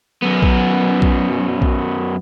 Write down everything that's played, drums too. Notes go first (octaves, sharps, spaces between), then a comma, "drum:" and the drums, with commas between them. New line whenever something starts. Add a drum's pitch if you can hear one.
F#2 B3
drum: kick
drum: kick
drum: kick